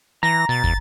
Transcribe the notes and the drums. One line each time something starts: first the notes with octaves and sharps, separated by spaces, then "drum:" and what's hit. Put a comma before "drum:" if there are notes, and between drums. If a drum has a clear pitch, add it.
E3 A#5 A#6
B2 A6
E2, drum: kick